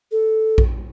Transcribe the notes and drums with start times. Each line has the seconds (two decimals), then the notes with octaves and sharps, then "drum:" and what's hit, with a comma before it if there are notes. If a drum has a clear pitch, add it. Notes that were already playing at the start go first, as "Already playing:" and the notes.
0.12 A4
0.58 drum: kick A#1